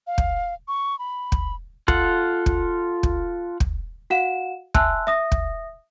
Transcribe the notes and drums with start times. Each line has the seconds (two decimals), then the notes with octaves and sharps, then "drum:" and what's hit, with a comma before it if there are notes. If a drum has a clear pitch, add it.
0.07 F5
0.18 drum: kick
0.68 C#6
0.99 B5
1.32 drum: kick
1.88 F4 A4 F#5, drum: kick
2.46 drum: kick
3.03 drum: kick
3.60 drum: kick
4.10 F#4 F5 F#5 E7
4.74 E5 G#5 A5 C6 E6 F#6, drum: kick
5.07 E5 D#6 A#6
5.32 drum: kick